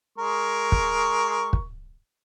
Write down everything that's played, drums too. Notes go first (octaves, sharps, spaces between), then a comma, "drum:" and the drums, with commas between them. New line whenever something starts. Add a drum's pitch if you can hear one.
G#3 A#4 C#6
drum: kick
drum: kick